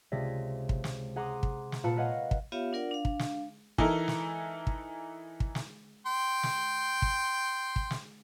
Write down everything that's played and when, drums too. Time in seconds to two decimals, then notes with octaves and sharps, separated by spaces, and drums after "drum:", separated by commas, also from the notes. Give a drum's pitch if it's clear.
0.12 C#2 C3 G#4 D5 A#6 B6
0.69 drum: kick
0.84 drum: snare
1.16 G#4 F#5 A#5 C6 D6 D#6
1.43 drum: kick
1.72 drum: snare
1.84 A#2 F4 B4 A5 C#7
1.97 A#4 B4 C#5 D#5 F5 F#5
2.31 drum: kick
2.52 B3 F4 G4 C#5 E5 F5
2.73 D4 F4 A#4 D5 F#5
2.91 D4 F5
3.05 drum: kick
3.19 drum: snare
3.78 E3 D#4 E4 A4 A#4, drum: kick
4.08 drum: snare
4.67 drum: kick
5.40 drum: kick
5.55 drum: snare
6.06 G5 C6
6.43 drum: snare
7.02 drum: kick
7.76 drum: kick
7.91 drum: snare